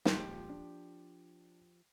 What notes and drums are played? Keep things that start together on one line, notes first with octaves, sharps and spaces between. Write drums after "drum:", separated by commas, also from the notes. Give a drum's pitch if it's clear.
D#1 F3 G#3 G4, drum: snare
D4